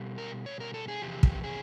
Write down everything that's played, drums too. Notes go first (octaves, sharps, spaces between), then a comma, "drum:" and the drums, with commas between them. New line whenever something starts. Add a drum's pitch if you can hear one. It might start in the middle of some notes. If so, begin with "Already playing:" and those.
Already playing: B2 G3
A#4
C#5
A#4
A4
G#4
E2 C3 F3 G4
drum: kick
G#4